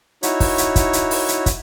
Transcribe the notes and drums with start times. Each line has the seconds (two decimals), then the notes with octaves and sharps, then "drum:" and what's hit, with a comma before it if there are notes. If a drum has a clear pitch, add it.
0.23 D#4 E4 F#4 C#5, drum: hi-hat
0.40 drum: kick, open hi-hat
0.58 drum: hi-hat
0.76 drum: kick, hi-hat
0.93 drum: hi-hat
1.11 drum: open hi-hat
1.28 drum: hi-hat
1.46 drum: kick, hi-hat